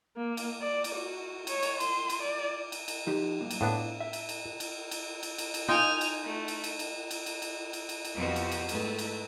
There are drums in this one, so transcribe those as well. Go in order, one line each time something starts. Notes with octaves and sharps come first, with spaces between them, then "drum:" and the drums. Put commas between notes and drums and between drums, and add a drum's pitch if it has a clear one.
A#3
drum: cymbal
D5
drum: cymbal
F#4
C#5, drum: cymbal
drum: cymbal
C6, drum: cymbal
drum: cymbal
D5
drum: cymbal
drum: cymbal
F3 D#4 G4
B1 G2 A#3
drum: cymbal
A2 B3 D4 F5
E5
drum: cymbal
drum: cymbal
drum: cymbal
drum: cymbal
drum: cymbal
drum: cymbal
drum: cymbal
D#4 F4 G5 G#5 F7
drum: cymbal
A3
drum: cymbal
drum: cymbal
drum: cymbal
drum: cymbal
drum: cymbal
drum: cymbal
drum: cymbal
drum: cymbal
drum: cymbal
F2 B2 F3 C4 F#4 G4
drum: cymbal
drum: cymbal
G#2 A3 B4, drum: cymbal
drum: cymbal